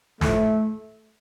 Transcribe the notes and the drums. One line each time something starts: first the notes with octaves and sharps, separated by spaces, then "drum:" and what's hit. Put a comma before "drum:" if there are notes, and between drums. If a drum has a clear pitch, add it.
A2 F3 A3, drum: snare